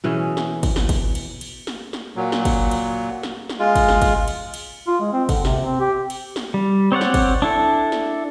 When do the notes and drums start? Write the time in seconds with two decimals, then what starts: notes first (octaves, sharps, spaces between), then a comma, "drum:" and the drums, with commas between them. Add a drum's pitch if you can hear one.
0.04 B2 E3 C#4 G#4
0.37 drum: snare
0.63 drum: kick, cymbal
0.76 drum: snare
0.89 drum: kick, cymbal
1.15 drum: cymbal
1.41 drum: cymbal
1.67 drum: snare
1.93 drum: snare
2.16 A#2 F#3
2.32 drum: snare
2.45 drum: kick, cymbal
2.71 drum: cymbal
3.23 drum: snare
3.49 drum: snare
3.59 G#3 F4
3.76 drum: kick, cymbal
3.89 drum: snare
4.02 drum: kick, cymbal
4.28 drum: cymbal
4.54 drum: cymbal
4.87 F4
5.00 G#3
5.13 C4
5.29 D3, drum: kick, cymbal
5.45 C3, drum: snare
5.64 C4
5.80 G4
6.10 drum: cymbal
6.36 drum: snare
6.54 G3
6.92 C4 C#5 D5 F#5
7.01 drum: snare
7.14 drum: kick, cymbal
7.42 D4 E4 A4
7.92 drum: snare